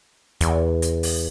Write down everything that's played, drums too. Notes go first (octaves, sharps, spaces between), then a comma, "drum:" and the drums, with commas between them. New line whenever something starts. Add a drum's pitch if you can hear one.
E2, drum: hi-hat
drum: hi-hat
drum: open hi-hat